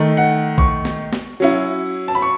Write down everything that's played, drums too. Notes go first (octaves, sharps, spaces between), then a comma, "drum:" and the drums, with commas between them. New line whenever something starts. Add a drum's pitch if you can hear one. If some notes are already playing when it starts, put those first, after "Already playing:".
Already playing: D#3 A3 D#4
F#5
C#6, drum: kick A#1
drum: snare
drum: snare
F#3 C#4 E4
A5
B5
C#6